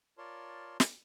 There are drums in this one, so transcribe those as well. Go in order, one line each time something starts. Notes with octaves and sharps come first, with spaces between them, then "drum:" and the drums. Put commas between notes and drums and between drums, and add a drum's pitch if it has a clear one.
F4 A#4 C#5 D5 A5 C6
drum: snare